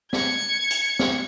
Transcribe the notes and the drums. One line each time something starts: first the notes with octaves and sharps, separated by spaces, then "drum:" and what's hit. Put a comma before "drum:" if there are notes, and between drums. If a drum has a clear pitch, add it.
G#6 C#7, drum: snare
drum: hi-hat
drum: snare